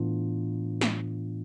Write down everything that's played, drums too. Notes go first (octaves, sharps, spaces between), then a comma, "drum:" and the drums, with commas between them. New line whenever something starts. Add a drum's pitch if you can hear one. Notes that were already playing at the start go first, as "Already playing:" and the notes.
Already playing: A2 E3 B3 D4 F4
drum: snare